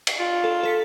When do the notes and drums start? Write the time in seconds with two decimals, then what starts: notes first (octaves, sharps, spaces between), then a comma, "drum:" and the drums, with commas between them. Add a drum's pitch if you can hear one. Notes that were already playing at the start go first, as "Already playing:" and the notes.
0.07 drum: cymbal
0.19 F4
0.44 A4
0.63 A4 B6 C#7